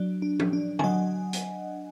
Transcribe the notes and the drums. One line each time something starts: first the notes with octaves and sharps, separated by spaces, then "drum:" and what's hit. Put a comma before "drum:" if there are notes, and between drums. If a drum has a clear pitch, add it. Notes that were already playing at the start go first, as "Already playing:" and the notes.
Already playing: F#3 D4 D5
D4
drum: tom F3
D4
G#5, drum: tom D3
F#3 D#5 F#5
drum: hi-hat